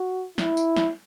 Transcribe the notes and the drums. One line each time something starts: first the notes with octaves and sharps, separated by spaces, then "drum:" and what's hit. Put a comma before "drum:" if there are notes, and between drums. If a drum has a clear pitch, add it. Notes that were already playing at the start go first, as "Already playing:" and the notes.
Already playing: F#4
E4, drum: snare
drum: tambourine
drum: snare